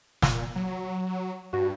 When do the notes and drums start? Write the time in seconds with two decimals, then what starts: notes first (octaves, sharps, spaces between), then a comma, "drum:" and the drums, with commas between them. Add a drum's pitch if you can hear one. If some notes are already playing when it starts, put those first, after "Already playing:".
0.22 A#2, drum: snare
0.56 F#3
1.53 G2 F#4